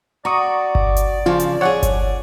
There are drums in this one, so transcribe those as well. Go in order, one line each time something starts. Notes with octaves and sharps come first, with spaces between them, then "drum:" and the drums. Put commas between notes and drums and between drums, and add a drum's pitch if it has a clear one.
F#4 D5 A#5 C#6 D#6
drum: kick G1
drum: hi-hat
C#3 F3 F4
drum: hi-hat
F2 G4 G#4 C#5 F#5
drum: kick G1, hi-hat